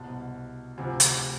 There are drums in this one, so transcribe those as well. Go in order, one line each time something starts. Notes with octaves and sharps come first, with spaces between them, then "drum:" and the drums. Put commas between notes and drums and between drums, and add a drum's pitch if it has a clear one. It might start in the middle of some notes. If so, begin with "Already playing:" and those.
Already playing: C2 B2 A5
D2 C3 F3 G#5
drum: hi-hat